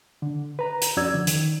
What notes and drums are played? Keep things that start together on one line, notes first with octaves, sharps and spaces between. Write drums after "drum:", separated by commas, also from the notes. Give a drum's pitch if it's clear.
D3
B4 A#5
drum: hi-hat
F2 C#4 F#4 D5 E6 G#6
D3 F3
D#3, drum: hi-hat